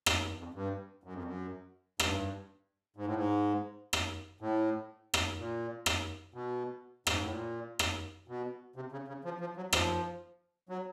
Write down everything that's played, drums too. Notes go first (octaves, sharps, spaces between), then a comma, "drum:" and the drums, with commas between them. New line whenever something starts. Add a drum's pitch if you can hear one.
drum: rim click
E2
F2
G2
F#2
F2
F#2
G2, drum: rim click
G#2
A2
G#2
drum: rim click
A2
drum: rim click
A#2
drum: rim click
B2
G#2, drum: rim click
A2
A#2
drum: rim click
B2
C3
C#3
C#3
F3
F3
F#3
F3, drum: rim click
F#3